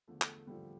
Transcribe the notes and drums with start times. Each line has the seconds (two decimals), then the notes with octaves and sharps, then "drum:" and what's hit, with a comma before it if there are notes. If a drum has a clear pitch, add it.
0.08 E2 D3 F3 A3
0.22 A3, drum: clap
0.47 E2 D3 F3 G3